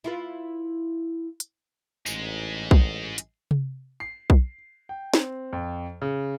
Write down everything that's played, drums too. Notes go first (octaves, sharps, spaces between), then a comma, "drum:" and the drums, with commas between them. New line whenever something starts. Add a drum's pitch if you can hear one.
E4 F4 B4
drum: hi-hat
A1 G#2 G#3, drum: tambourine
drum: kick B1
drum: hi-hat
drum: tom C3
C7
drum: kick B1
G5
C4, drum: snare
F2
C#3